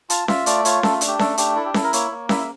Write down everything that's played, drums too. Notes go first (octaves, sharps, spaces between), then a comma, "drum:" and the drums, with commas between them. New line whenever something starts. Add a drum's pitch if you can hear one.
F4 A5, drum: hi-hat
F4 E5, drum: snare C#4
A3 D5, drum: hi-hat
F4 C#5, drum: hi-hat
A3 A4, drum: snare C#4
D4, drum: hi-hat
G4
A3 A4, drum: snare C#4
D4 G4, drum: hi-hat
E4 A4
G4
E4 A4, drum: snare C#4
A#4
A#3 C#5, drum: hi-hat
A#3
E4 E5, drum: snare C#4
E5